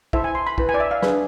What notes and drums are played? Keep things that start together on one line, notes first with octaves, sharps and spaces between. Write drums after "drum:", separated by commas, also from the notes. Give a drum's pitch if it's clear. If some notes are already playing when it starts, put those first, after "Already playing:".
E4 A4 C5 E5, drum: kick
G#5
C6
B5
E4 B4, drum: kick
G#5
D5
E5
F5
D4 G#4 B4, drum: snare